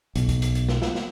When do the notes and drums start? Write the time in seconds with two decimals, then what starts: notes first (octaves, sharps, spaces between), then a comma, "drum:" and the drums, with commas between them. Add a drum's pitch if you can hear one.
0.16 B1, drum: hi-hat
0.29 drum: kick C#2, hi-hat
0.42 drum: hi-hat
0.55 drum: hi-hat
0.69 drum: snare
0.82 drum: snare
0.95 drum: snare